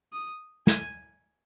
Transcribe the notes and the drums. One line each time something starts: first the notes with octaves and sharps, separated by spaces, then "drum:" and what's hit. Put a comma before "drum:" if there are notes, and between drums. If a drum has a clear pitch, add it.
D#6
G#5, drum: snare